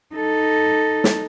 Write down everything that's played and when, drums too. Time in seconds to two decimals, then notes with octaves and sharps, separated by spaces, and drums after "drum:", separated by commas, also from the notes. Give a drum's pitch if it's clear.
0.15 D#4 A4
1.04 drum: snare